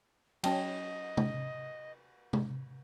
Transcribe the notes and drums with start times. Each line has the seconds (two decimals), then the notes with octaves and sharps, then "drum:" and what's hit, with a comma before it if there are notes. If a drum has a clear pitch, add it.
0.44 F#3 C#4 C#5 D#5 G5 A5, drum: cymbal
1.17 drum: tom
2.33 drum: tom